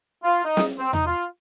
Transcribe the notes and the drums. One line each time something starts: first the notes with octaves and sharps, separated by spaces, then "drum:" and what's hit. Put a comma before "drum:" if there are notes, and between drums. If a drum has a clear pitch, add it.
F4
D#4
drum: snare
C4
D#4, drum: tom E2
F4